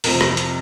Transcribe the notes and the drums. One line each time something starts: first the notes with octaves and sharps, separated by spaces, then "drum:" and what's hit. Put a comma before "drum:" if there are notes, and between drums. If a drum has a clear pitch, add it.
F2 C3 F3 A#4, drum: open hi-hat
drum: rim click
drum: hi-hat